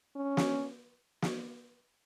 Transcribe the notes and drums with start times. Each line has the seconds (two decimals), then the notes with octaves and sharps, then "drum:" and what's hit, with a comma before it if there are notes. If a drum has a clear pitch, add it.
0.16 C#4
0.37 drum: snare
1.22 drum: snare